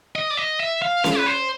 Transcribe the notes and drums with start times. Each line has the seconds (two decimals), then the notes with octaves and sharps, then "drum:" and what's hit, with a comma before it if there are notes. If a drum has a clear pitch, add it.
0.16 D#5
0.31 D5
0.37 D#5
0.60 E5
0.82 F5
1.04 F5, drum: snare C#4
1.18 B4
1.26 C5